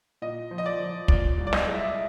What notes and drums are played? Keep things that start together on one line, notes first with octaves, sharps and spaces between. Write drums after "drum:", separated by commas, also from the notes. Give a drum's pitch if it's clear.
A#2 D#5
F3
D#5
D5
F3
A#2 D5, drum: kick
C2
D5
D#5, drum: snare
G#3
E5